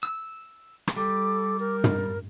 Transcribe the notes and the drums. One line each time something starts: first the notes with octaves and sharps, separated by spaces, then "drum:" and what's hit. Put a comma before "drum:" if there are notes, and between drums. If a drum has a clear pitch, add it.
E6
drum: rim click
G3 A4 D6
A#4
drum: tom